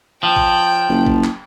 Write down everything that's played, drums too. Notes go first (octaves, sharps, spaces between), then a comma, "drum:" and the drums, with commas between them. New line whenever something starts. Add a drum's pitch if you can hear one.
F3 G5
drum: kick A#1
F#1
drum: kick A#1
drum: clap